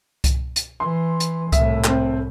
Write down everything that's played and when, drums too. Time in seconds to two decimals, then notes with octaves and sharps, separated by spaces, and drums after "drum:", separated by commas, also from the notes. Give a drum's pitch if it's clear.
0.24 drum: kick C2, hi-hat
0.56 drum: hi-hat
0.80 E3 C6
1.20 drum: hi-hat
1.52 C2 A2 E5, drum: kick C2, hi-hat
1.84 A3 C4, drum: clap